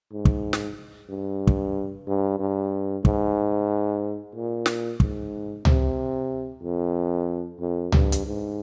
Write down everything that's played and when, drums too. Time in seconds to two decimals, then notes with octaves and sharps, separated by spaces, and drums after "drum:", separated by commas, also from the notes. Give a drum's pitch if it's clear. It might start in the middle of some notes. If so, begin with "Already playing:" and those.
0.12 G#2
0.25 drum: kick
0.53 drum: snare
1.09 G2
1.47 drum: kick
2.07 G2
2.39 G2
3.05 G#2, drum: kick
4.35 A#2
4.66 drum: snare
5.00 G#2, drum: kick
5.65 C3, drum: tom C#2
6.62 F2
7.60 F2
7.92 G2, drum: tom C#2
8.12 drum: hi-hat
8.26 G#2